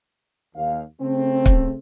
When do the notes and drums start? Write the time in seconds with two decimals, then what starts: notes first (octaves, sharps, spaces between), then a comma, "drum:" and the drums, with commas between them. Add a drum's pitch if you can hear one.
0.55 D#2 F5
1.01 C#3 A3 C4
1.46 drum: kick